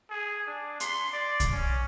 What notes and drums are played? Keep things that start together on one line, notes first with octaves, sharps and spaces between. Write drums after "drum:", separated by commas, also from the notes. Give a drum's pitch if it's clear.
G#4
D4
C6, drum: hi-hat
D5
drum: kick, hi-hat
C#4